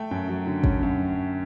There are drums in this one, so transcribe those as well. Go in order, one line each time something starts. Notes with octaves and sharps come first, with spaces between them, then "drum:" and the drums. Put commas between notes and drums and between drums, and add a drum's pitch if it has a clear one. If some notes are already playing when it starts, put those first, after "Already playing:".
Already playing: A3 G5
F#2
F#3
D3
C#4, drum: kick
F#2